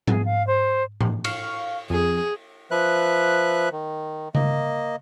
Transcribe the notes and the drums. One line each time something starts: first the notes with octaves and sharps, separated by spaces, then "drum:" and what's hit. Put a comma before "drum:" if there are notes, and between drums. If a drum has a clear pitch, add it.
G#4, drum: tom G#2
F5
C5
drum: tom A2
F5 C#6, drum: cymbal
F2 G#4
F3 B4 E5 F#6
D#3
A#3 D#5, drum: tom C#3